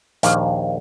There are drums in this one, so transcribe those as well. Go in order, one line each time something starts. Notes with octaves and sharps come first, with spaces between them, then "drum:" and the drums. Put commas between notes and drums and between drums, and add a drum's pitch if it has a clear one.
A#1 D#2 F5, drum: hi-hat